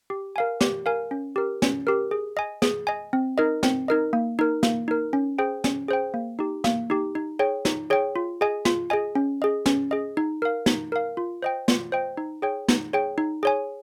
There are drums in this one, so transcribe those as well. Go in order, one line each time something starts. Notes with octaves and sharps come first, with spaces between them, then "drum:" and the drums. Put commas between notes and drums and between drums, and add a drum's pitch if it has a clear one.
G4
A#4 F5 G#5
G4, drum: snare
A#4 F5 G#5
C#4
G4 A#4
C#4, drum: snare
G4 A#4
G#4
D#5 G#5
G#4, drum: snare
D#5 G#5
C4
D#4 A#4 D#5
C4, drum: snare
D#4 A#4 D#5
A#3
D#4 A#4
A#3, drum: snare
D#4 A#4
C#4
G#4 C5 G5
C#4, drum: snare
G#4 C5 G5
A#3
D#4 G4
A#3, drum: snare
D#4 G4
D#4
G#4 C#5 G5
D#4, drum: snare
G#4 C#5 G5
F4
G#4 D#5 G#5
F4, drum: snare
G#4 D#5 G#5
C#4
G#4 D#5
C#4, drum: snare
G#4 D#5
D#4
A#4 F5
D#4, drum: snare
A#4 F5
F4
C5 D#5 G5
F4, drum: snare
C5 D#5 G5
D#4
G#4 C#5 G5
D#4, drum: snare
G#4 C#5 G5
D#4
G#4 C#5 G#5